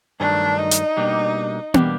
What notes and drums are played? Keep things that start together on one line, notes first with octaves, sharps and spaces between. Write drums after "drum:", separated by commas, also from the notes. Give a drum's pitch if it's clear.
G2 D#3 F#3 A3 D4
D#4
drum: hi-hat
B2 G3 A#3 D4 G4
B2 G3 A#3 D4 G4, drum: tom B3